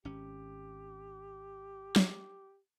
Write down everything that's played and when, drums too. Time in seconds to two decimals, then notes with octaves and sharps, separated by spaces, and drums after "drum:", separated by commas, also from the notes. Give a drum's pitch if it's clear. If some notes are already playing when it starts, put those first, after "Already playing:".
0.05 G#1 C#4 G4
1.96 drum: snare